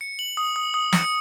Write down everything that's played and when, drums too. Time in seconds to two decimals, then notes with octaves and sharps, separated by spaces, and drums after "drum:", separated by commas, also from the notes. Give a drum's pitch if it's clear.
0.01 C#7
0.19 F#7
0.37 D#6
0.56 D#6
0.74 D#6
0.93 C#7, drum: snare